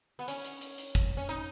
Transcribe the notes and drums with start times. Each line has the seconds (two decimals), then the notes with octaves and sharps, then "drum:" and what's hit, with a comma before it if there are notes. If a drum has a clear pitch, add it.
0.19 B3
0.28 C#4, drum: hi-hat
0.44 drum: hi-hat
0.61 drum: hi-hat
0.78 drum: hi-hat
0.95 drum: kick, hi-hat
1.17 C#4
1.29 D#4, drum: hi-hat